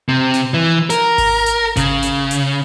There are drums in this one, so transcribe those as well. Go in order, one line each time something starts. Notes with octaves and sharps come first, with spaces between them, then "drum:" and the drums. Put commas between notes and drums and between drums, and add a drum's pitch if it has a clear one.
C3
drum: snare
E3
A#4, drum: hi-hat
drum: kick G#1, open hi-hat
drum: hi-hat
C#3, drum: kick G#1, hi-hat
drum: hi-hat
drum: hi-hat